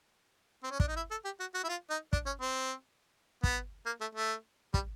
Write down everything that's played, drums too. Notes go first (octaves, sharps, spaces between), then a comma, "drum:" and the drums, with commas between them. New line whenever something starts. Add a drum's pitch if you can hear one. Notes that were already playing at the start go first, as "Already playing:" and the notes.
C4
C#4
D4, drum: kick
D#4
E4
A4
G4
F#4
F#4
E4
F4
D#4
D4, drum: kick
C#4
C4
B3, drum: kick
A#3
A3
A3
G3, drum: kick